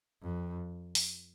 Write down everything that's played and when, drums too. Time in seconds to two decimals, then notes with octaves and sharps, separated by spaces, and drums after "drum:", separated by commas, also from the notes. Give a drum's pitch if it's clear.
0.22 F2
0.95 drum: open hi-hat